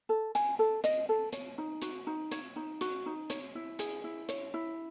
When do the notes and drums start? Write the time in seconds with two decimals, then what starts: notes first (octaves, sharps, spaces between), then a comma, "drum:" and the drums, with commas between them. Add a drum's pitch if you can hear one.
0.09 A4
0.35 G#5, drum: hi-hat
0.59 A4
0.84 D#5, drum: hi-hat
1.09 A4
1.33 C#5, drum: hi-hat
1.58 D#4
1.82 F#4, drum: hi-hat
2.07 D#4
2.31 C#5, drum: hi-hat
2.56 D#4
2.81 F#4, drum: hi-hat
3.06 D#4
3.30 C#5, drum: hi-hat
3.55 E4
3.79 G#4, drum: hi-hat
4.04 E4
4.29 C#5, drum: hi-hat
4.54 E4